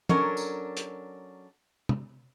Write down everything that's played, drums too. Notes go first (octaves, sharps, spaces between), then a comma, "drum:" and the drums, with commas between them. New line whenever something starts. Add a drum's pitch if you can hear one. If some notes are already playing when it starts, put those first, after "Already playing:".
F#3 C#4 D4 A4 A#4, drum: tom
drum: tambourine
drum: hi-hat
drum: tom